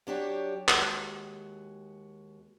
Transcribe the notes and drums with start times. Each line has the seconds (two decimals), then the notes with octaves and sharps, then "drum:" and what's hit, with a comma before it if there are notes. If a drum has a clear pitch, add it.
0.07 F#3 D4 G4 C#5
0.68 D#2 G#3 F#4, drum: clap